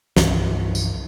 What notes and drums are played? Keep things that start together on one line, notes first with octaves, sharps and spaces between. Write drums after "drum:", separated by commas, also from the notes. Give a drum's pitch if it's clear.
C2 G2 E3, drum: snare
drum: tambourine